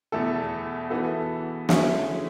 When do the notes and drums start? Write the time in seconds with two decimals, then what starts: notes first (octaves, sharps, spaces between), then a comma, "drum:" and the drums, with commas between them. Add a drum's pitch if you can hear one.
0.12 E2 B2 A3 E4 A4
0.90 E3 B3 F#4 A4
1.69 D3 A3 C#4 E4 G#4, drum: snare